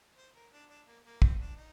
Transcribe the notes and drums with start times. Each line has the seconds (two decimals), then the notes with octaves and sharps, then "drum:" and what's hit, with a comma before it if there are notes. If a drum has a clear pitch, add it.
0.18 C5
0.35 A#4
0.52 D4
0.69 D4
0.87 A#3
1.05 A#3
1.22 C4, drum: kick
1.40 D4
1.56 D#4